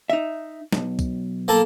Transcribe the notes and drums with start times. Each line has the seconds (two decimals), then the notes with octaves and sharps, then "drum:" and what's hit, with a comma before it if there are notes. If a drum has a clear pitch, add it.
0.10 D#4 E5
0.73 B1 F#2, drum: snare
0.99 drum: kick C2, tambourine
1.48 A#3 A4 A5